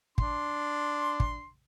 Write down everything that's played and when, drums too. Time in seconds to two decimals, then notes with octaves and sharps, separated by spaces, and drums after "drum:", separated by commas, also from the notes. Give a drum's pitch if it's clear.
0.18 D4 C6, drum: kick
1.20 drum: kick